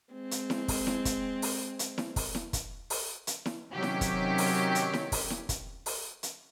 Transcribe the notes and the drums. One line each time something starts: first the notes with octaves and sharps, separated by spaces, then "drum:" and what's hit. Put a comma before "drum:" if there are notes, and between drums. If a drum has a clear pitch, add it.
G#3 C4
drum: hi-hat
drum: snare E4
drum: kick, open hi-hat
drum: snare E4
drum: kick, hi-hat
drum: open hi-hat
drum: hi-hat
drum: snare E4
drum: kick, open hi-hat
drum: snare E4
drum: kick, hi-hat
drum: open hi-hat
drum: hi-hat
drum: snare E4
C3 D#3 F#3 C#4 G4 B6
drum: snare E4
drum: kick, hi-hat
drum: open hi-hat
drum: hi-hat
drum: snare E4
drum: kick, open hi-hat
drum: snare E4
drum: kick, hi-hat
drum: open hi-hat
drum: hi-hat